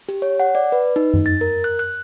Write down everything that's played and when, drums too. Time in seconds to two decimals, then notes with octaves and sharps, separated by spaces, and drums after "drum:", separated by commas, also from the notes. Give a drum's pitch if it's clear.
0.09 G4, drum: hi-hat
0.22 C#5
0.40 F#5
0.55 D5
0.72 B4
0.96 D#4
1.14 drum: tom F#2
1.26 A6
1.41 A#4
1.64 F#6
1.79 F#6